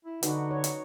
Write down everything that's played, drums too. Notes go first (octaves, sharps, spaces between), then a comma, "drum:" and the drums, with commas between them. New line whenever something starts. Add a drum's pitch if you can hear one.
E4
D3 D#4 F#4 B4, drum: hi-hat
C#5
drum: hi-hat